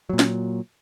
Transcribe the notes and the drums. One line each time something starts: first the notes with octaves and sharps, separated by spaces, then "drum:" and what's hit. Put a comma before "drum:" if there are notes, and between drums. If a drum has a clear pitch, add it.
A#2 F#3
drum: snare